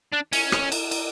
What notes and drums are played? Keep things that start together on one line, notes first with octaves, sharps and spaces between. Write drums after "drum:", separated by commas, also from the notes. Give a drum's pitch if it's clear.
D4
C#4, drum: cymbal
drum: rim click
drum: cymbal
drum: cymbal